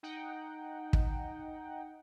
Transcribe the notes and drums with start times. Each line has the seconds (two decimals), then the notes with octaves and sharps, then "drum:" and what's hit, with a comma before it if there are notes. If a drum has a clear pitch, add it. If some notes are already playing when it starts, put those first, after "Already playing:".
0.03 D#4 F#5 G5
0.93 drum: kick